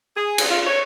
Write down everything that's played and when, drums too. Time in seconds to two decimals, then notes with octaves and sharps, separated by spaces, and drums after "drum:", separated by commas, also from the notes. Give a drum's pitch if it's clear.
0.16 G#4
0.38 drum: cymbal
0.49 F4
0.67 C#5